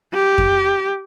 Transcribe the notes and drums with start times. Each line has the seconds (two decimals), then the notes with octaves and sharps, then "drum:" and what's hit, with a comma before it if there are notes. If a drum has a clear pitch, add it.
0.14 G4
0.38 drum: kick F2